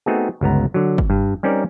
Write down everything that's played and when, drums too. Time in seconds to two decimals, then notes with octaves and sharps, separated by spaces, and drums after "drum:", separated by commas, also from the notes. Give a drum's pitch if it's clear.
0.06 A3 B3 C4 D#4 F#4 G#4
0.41 G1 C#2 B3 A#5
0.74 D3 F#3
0.98 drum: kick
1.10 G2
1.43 G3 C4 C#4 D#4 A#4 D5